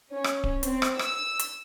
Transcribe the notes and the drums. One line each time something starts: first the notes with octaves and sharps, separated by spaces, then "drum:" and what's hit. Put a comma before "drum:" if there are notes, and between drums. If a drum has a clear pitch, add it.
C#4
drum: rim click
drum: kick D1
C4, drum: hi-hat
drum: rim click
E6, drum: rim click
drum: hi-hat